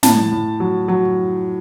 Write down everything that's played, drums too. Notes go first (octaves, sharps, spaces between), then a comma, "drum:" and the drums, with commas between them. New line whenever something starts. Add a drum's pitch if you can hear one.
A2 A5, drum: snare
A2
F#3
F#3